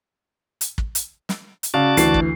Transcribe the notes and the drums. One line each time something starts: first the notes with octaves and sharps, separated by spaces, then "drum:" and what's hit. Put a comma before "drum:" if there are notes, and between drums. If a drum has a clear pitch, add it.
drum: hi-hat
drum: kick
drum: hi-hat
drum: snare
drum: hi-hat
C#3 F#4 D5 F5 A5
D2 E3 C7, drum: hi-hat
drum: kick